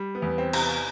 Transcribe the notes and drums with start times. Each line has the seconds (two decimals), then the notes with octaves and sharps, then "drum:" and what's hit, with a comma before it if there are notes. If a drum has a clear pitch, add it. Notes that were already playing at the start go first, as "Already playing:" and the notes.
Already playing: G3
0.15 B3
0.22 E2
0.28 B3
0.38 C4
0.53 C3, drum: cymbal
0.61 B3